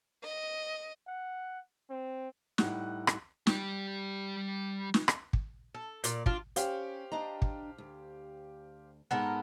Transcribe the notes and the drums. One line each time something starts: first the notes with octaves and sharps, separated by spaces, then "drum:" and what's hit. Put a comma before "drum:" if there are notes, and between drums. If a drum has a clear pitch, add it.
D#5
F#5
C4
A2 G3 D#4 F#5 F#6, drum: snare
drum: rim click
G3 G4, drum: snare
drum: snare
drum: rim click
drum: kick
A4
A#2 D5, drum: hi-hat
D4 F4, drum: kick
C#4 G4 C5 F5, drum: hi-hat
D4 D#5 A#5
drum: kick
D2
G#2 B3 A4 A#4